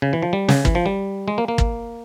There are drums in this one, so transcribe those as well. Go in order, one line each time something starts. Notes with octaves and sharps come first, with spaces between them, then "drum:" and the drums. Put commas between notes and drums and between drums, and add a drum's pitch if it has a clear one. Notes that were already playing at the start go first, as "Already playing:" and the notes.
C#3
E3
F3
G3
C#3, drum: snare
E3, drum: kick
F3
G3
G#3
A#3
A#3
drum: kick